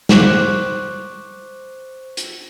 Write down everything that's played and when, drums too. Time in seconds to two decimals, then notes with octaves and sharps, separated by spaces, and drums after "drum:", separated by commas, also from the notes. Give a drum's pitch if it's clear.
0.09 C5 C#6 D6 F#6, drum: snare
2.17 drum: hi-hat